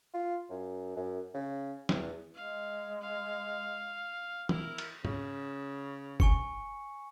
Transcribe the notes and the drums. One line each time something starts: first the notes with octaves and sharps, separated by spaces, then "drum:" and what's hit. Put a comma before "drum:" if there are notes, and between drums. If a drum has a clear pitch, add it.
F4
F#2
F#2
C#3
E2, drum: snare
G#3 F5
F5
E4 A#4, drum: tom
drum: cymbal
C#3, drum: tom
G#5 C#6 C#7, drum: kick F#1